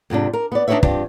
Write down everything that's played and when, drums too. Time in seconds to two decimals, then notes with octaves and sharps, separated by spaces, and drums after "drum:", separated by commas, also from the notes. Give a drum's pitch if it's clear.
0.10 F2 G#2 C3 D4
0.33 A#4
0.52 B3 D5
0.68 D4 D#4 G#4 B4 C#5 E5
0.83 G2 C4 D4 F4 G4, drum: kick